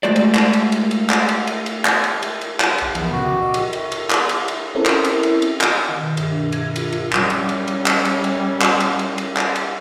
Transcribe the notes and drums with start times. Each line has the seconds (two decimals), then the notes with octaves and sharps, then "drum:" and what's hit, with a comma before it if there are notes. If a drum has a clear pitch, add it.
0.03 G#3 A3 F#4 C5 D5
0.16 drum: cymbal
0.35 drum: clap
0.53 drum: cymbal
0.72 drum: cymbal
0.91 drum: cymbal
1.10 drum: clap
1.28 drum: cymbal
1.47 drum: cymbal
1.66 drum: cymbal
1.85 drum: clap
2.04 drum: cymbal
2.22 drum: cymbal
2.41 drum: cymbal
2.60 drum: clap
2.78 C2 F#6, drum: cymbal
2.95 C#2 E3 F3 B3, drum: cymbal
3.12 A#2 C#3 C#4 F#4
3.25 G5 D6
3.42 D#5
3.54 drum: cymbal
3.73 drum: cymbal
3.92 drum: cymbal
4.10 drum: clap
4.29 drum: cymbal
4.48 drum: cymbal
4.75 C4 C#4 E4 A4 A#4
4.86 drum: clap
5.04 drum: cymbal
5.23 drum: cymbal
5.42 drum: cymbal
5.61 drum: clap
5.88 D#3
6.03 B2
6.17 G2, drum: cymbal
6.31 D4
6.52 G#6, drum: cymbal
6.76 F4, drum: cymbal
6.92 drum: cymbal
7.13 G3 C#4, drum: clap
7.30 drum: cymbal
7.49 drum: cymbal
7.68 drum: cymbal
7.86 drum: clap
8.05 drum: cymbal
8.24 drum: cymbal
8.62 drum: clap
8.80 drum: cymbal
8.99 drum: cymbal
9.18 drum: cymbal
9.37 drum: clap
9.56 drum: cymbal